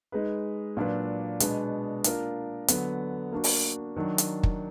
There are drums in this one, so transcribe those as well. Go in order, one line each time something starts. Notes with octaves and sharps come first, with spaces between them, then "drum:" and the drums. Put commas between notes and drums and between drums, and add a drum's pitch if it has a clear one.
G#3 D#4 G#4 B4
A#2 F#3 D4 F4 B4
B2 G#3 B3 D4, drum: hi-hat
A#3 D4 F4 A#4, drum: hi-hat
D3 F#3 B3, drum: hi-hat
A#3 D4 F#4
drum: open hi-hat
D#3 F#3 D4
drum: hi-hat
drum: kick